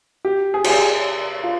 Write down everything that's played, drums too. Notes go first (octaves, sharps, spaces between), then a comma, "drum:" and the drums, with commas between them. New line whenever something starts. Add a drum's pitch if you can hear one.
G4
G#4
G4, drum: cymbal
G#4
F4